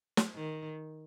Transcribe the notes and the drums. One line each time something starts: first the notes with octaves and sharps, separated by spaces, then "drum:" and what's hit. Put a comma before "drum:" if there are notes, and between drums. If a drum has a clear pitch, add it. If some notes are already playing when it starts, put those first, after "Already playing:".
drum: snare
D#3